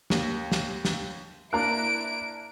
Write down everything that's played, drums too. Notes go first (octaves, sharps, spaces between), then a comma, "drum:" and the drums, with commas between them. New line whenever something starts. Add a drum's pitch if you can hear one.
D#2, drum: snare
drum: snare
drum: snare
A#3 D4 E4 A#5 F#6 D7